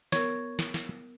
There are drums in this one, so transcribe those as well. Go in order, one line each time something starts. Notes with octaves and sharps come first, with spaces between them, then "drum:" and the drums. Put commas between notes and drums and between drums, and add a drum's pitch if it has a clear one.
B3 A#4 C#5, drum: snare
drum: snare
drum: snare